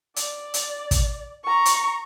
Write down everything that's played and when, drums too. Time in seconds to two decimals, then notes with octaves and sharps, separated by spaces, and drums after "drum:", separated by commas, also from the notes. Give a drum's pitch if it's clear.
0.16 D5, drum: hi-hat
0.54 drum: hi-hat
0.91 drum: kick, hi-hat
1.44 A#5 C#6
1.65 drum: hi-hat